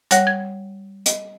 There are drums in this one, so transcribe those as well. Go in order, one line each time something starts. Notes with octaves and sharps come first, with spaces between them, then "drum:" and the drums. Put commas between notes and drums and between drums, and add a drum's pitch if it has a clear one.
G3 C#5 F#5 F#6 A#6, drum: hi-hat
G#6
D#5, drum: hi-hat